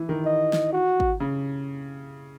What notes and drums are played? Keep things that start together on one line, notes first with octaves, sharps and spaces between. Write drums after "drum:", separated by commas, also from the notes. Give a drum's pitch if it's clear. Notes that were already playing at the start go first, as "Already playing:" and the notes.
Already playing: E3
D#3
D#5
drum: snare
F#4
drum: kick G#1
C#3